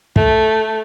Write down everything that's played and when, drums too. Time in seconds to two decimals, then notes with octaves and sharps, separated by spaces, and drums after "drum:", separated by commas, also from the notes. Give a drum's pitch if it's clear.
0.16 A3, drum: kick